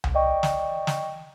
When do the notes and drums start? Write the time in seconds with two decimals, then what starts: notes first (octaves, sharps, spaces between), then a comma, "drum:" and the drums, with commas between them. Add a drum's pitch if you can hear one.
0.04 drum: tom C2
0.14 D5 D#5 G5 C#6
0.43 drum: snare
0.87 drum: snare